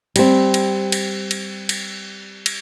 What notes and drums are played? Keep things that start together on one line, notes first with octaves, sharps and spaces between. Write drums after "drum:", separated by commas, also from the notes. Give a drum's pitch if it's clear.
G3 C4, drum: cymbal
drum: cymbal
drum: cymbal
drum: cymbal
drum: cymbal
drum: cymbal